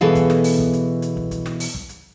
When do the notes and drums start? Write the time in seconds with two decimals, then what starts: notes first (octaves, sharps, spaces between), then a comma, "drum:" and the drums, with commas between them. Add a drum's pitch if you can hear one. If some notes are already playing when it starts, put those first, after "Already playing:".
0.01 B2 E3 G#4 A4 F5
0.15 drum: kick, hi-hat
0.30 drum: snare
0.44 drum: open hi-hat
0.59 drum: kick
0.73 drum: hi-hat
1.02 drum: hi-hat
1.17 drum: kick
1.31 drum: kick, hi-hat
1.46 drum: snare
1.60 drum: open hi-hat
1.75 drum: kick
1.89 drum: hi-hat